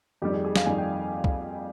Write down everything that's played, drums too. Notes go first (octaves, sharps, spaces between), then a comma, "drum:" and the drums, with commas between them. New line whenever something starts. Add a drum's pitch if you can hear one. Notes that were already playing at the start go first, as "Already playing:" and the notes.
F2 D#3 G3 G4
G#4
G#4
F5, drum: snare
F2 D#3 G3 G#5
G5
drum: kick C2